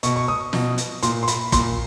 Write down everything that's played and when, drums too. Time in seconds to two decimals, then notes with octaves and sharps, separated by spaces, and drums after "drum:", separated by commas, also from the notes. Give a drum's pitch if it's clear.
0.03 B2 C#6, drum: hi-hat
0.16 C#6
0.28 D#6
0.53 B2, drum: snare
0.78 drum: hi-hat
1.03 A#2 C6, drum: hi-hat
1.23 C6
1.28 B5, drum: hi-hat
1.52 A#2 C6, drum: kick, hi-hat